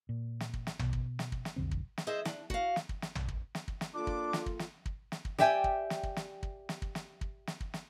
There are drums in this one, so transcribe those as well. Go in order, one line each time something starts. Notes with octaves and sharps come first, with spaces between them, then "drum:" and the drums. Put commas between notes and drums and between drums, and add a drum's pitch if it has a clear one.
A#2
drum: snare
drum: kick
drum: snare
B2, drum: tom
drum: kick
drum: snare
drum: kick
drum: snare
B1 F2 D3 C4
drum: kick
drum: snare
G#4 C5 D#5 E5
D4, drum: snare
F#4 F5, drum: kick
drum: snare
drum: kick
drum: snare
drum: tom
drum: kick
drum: snare
drum: kick
drum: snare
A#3 D4 F4 A4 D6
drum: kick
drum: snare
drum: kick
drum: snare
drum: kick
drum: snare
drum: kick
G4 D5 E5 G5 G#5, drum: snare
drum: kick
drum: snare
drum: kick
drum: snare
drum: kick
drum: snare
drum: kick
drum: snare
drum: kick
drum: snare
drum: kick
drum: snare